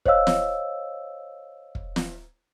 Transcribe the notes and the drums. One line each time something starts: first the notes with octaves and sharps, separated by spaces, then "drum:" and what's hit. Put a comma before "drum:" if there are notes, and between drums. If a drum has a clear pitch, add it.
C5 C#5 D#5 F5 E6, drum: kick
drum: snare
drum: kick
drum: snare